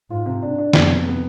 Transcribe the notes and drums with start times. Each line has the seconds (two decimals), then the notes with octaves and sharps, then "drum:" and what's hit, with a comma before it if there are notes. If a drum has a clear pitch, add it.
0.10 G#2 F4
0.26 C3
0.43 D4
0.59 D4
0.73 F2 B3, drum: snare
0.90 C3
1.06 B3